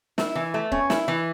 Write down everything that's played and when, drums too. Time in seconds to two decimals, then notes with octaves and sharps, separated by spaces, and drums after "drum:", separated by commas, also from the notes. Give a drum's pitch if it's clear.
0.18 E4, drum: snare
0.35 E3
0.54 A3
0.72 C#4, drum: kick
0.90 E4, drum: snare
1.08 E3